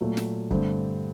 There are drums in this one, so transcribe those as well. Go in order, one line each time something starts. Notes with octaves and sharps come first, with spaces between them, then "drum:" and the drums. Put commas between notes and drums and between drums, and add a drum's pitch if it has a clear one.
A#2 F#3 A3
drum: snare
G2 D3 A3 C4, drum: kick